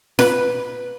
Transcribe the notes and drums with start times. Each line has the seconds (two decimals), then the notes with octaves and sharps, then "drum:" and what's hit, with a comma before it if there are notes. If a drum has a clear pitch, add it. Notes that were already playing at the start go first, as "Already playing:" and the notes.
0.19 B4, drum: snare F4